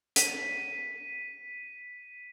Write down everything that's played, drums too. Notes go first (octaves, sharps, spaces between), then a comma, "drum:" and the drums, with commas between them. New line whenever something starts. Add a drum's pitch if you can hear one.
B6 D#7, drum: hi-hat